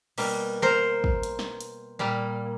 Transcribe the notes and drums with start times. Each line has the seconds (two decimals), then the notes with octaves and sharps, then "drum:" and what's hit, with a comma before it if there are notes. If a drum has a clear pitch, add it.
0.18 B2 G3 A#3, drum: cymbal
0.62 A#4 C5
1.04 drum: kick
1.23 drum: hi-hat
1.39 drum: snare
1.61 drum: hi-hat
1.99 A#2 G3 A#3